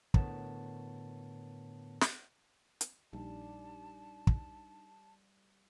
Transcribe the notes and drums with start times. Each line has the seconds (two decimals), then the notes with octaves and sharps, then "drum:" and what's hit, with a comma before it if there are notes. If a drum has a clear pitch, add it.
0.14 A2 D3 B3 A#4 C#5 A5, drum: kick
2.01 drum: snare
2.81 drum: hi-hat
3.13 A#1 G3 D4 D#4 A5
4.27 drum: kick